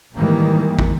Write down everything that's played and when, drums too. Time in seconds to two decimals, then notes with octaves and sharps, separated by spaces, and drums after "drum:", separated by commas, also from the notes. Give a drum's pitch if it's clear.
0.14 G#2 D#3 E3 G3 A#3
0.79 drum: kick